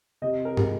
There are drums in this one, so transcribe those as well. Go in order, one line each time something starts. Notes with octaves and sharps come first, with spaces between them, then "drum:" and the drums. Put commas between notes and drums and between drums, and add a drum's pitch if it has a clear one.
C3 D#5
A#4
G#3, drum: tom